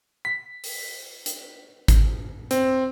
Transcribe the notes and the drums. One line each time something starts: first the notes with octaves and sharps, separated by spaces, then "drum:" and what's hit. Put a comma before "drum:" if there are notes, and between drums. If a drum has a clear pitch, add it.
B6
drum: open hi-hat
drum: hi-hat
drum: kick, hi-hat
C4, drum: hi-hat